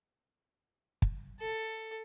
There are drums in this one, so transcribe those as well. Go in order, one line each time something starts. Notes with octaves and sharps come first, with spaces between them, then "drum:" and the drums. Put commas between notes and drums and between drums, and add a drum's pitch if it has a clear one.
drum: kick
A4